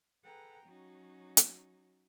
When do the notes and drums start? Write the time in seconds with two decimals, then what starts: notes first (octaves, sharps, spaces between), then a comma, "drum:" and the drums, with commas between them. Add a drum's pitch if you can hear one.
0.24 G#4 A4 B4 F#5 G5 A#5
0.65 F#3 C#4 D#4 F#4
1.37 drum: hi-hat